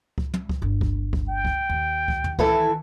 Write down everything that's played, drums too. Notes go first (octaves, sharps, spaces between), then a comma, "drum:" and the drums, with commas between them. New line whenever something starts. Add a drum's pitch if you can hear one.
drum: kick C#2
drum: tom
drum: kick C#2
G1 D4
drum: kick C#2
drum: kick C#2
G5
drum: kick C#2
D#2
drum: kick C#2
drum: tom
D#3 E3 E4 A4, drum: kick C#2